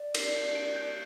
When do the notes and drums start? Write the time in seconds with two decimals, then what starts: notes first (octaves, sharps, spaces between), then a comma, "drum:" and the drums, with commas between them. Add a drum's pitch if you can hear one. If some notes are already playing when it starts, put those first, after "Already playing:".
Already playing: D5
0.14 C7, drum: cymbal
0.34 G6
0.55 D7
0.76 G6